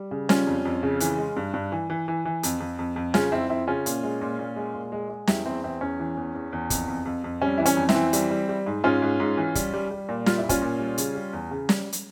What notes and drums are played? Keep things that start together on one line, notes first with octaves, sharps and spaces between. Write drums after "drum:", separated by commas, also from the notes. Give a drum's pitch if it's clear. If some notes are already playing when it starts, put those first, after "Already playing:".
Already playing: G3
C#3
G3 C#4 F4, drum: snare
F2
F2
C#3
E3, drum: hi-hat
G#3
G2
G2
E3
E3
E3
E3
F2, drum: hi-hat
F2
F2
F2
C#3 C#4 F4, drum: snare
F2 C4 E4
F2 C4 E4
C#3 C#4 F4
A#2, drum: hi-hat
G#3
A#2
A#2
G#3
A#2
G#3
G#3
E2 E4 G4, drum: snare
E2 C4 E4
E2 C4 E4
E2 C#4
E3
E2
E2
E2
F2, drum: kick, hi-hat
F2
F2
F2
G3 C#4
E3 E4
C#4, drum: hi-hat
F2
C4 E4, drum: snare
E3
G3, drum: hi-hat
G3
G3
G#2
G#2 C#4 F4
G#2
G#2
E3
G3, drum: kick, hi-hat
G3
G3
A#2
G3 F4, drum: snare
E4
A#2
C#4 F4, drum: kick, hi-hat
A#2
G3
C#3, drum: hi-hat
G3
E2
C#3
G3, drum: snare
drum: hi-hat